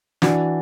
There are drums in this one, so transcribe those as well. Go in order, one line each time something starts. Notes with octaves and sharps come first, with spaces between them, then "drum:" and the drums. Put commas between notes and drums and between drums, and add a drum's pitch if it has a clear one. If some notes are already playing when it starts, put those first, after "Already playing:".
E3 D4 F#4, drum: snare